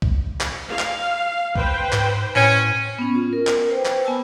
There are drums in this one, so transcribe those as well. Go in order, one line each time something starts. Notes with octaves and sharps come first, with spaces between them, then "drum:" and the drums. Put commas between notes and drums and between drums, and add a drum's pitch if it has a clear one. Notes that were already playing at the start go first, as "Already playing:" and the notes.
drum: kick C2
drum: clap
F5
drum: clap
B4 C5 G5, drum: kick C2
G#2, drum: clap
A2 C#4
B3 C#4
F4
A#4
drum: clap
B4 C5 G5
drum: clap
B3 G#5 A5 E6